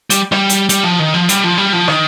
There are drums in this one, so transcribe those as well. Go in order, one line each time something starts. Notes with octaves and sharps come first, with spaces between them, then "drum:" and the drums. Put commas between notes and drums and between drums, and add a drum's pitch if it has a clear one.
G3, drum: hi-hat
G3, drum: rim click
drum: hi-hat
G3, drum: hi-hat
F3
D#3
F3
G3, drum: hi-hat
F3
G3
F3
D#3, drum: rim click